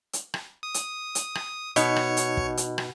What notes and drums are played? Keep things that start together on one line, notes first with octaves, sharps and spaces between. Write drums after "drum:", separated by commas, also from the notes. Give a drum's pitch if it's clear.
drum: hi-hat
drum: rim click
D#6
drum: hi-hat
drum: hi-hat
drum: rim click
B2 D#4 C#5 D#5 C#7, drum: hi-hat
drum: rim click
drum: hi-hat
drum: kick
drum: hi-hat
drum: rim click